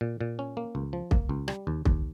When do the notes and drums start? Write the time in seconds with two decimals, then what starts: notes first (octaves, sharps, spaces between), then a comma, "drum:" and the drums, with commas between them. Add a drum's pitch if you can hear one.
0.01 A#2
0.21 A#2
0.39 C#4
0.57 A#3
0.75 C#2
0.93 F3
1.11 A#3, drum: kick
1.29 C#2
1.48 G3, drum: rim click
1.67 D#2
1.85 D#2, drum: kick